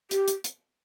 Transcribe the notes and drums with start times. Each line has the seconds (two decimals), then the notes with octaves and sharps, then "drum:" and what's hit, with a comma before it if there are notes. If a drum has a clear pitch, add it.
0.11 G4, drum: hi-hat
0.28 drum: hi-hat
0.44 drum: hi-hat